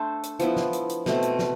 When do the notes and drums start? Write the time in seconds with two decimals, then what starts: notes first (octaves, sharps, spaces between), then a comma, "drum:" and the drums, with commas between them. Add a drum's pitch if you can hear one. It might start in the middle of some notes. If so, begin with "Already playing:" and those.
Already playing: A3 D4 A4 C5
0.23 drum: hi-hat
0.39 F3 B3 E4, drum: hi-hat
0.56 drum: snare
0.73 drum: hi-hat
0.89 drum: hi-hat
1.06 B2 A3 C4, drum: snare
1.22 drum: hi-hat
1.39 drum: snare